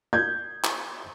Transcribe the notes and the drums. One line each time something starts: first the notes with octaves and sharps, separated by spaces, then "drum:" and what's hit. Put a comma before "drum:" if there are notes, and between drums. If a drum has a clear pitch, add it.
G6 G#6
drum: clap